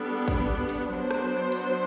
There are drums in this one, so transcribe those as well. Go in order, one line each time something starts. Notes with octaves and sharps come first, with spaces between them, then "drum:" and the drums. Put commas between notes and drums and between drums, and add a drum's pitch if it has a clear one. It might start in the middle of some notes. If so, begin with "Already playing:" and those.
Already playing: G3 B3 D4 A4
drum: kick, hi-hat
drum: hi-hat
F#3 B3 D4 C5
drum: rim click
drum: hi-hat